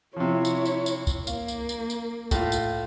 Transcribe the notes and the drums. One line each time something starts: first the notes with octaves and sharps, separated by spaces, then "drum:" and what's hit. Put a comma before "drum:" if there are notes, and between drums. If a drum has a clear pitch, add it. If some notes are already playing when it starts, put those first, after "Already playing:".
C3 F3 E4 C#5
drum: tambourine
drum: tambourine
drum: tambourine
drum: kick C2, tambourine
A#3 F5, drum: tambourine
drum: tambourine
drum: tambourine
drum: tambourine
A2 F4, drum: kick C2, tambourine
drum: tambourine